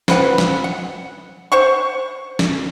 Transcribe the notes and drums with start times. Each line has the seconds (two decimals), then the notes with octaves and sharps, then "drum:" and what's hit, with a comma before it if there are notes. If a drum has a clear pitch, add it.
0.08 F3 B4 F#5, drum: snare
0.38 drum: snare
0.64 F#5
1.52 C5 F#5 C#6
2.39 drum: snare